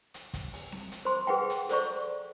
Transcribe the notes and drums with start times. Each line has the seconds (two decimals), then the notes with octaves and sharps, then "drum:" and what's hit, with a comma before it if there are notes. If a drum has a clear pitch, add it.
0.14 drum: hi-hat
0.34 drum: kick, hi-hat
0.53 drum: open hi-hat
0.72 drum: snare C4
0.92 drum: hi-hat
1.05 C5 C6
1.27 G#4 B4 F#5 G5
1.50 drum: hi-hat
1.69 A4 C5 D5 C#6, drum: hi-hat